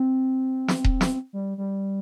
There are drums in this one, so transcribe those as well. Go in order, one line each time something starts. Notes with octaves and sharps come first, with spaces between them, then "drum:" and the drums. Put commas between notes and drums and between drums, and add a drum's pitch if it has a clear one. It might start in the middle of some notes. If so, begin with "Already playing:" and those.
Already playing: C4
drum: snare
drum: kick D#1
drum: snare
G3
G3